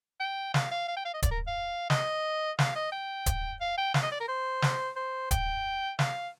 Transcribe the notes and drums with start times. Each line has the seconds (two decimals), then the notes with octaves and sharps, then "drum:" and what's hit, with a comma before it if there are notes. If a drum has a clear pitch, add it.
0.20 G5
0.54 F5, drum: snare
0.71 F5
0.88 F5
0.97 G5
1.05 F5
1.14 D#5
1.22 D5, drum: kick D1, hi-hat
1.31 A#4
1.47 F5
1.90 D#5, drum: snare
2.59 F5, drum: snare
2.75 D#5
2.92 G5
3.26 drum: kick D1, hi-hat
3.61 F5
3.78 G5
3.94 F5, drum: snare
4.03 D#5
4.12 D5
4.20 A#4
4.28 C5
4.62 drum: snare
4.96 C5
5.31 G5, drum: kick D1, hi-hat
5.99 F5, drum: snare